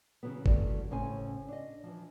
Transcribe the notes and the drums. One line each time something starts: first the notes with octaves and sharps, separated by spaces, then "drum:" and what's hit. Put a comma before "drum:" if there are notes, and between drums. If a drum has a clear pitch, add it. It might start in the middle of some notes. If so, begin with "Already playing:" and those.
C#3 E3 F#3 B3
G2 E3 G3 A3 F#4, drum: kick G1
A2 C#3 C#4 C5 C#5 G#5
D4 D#5
E3 F3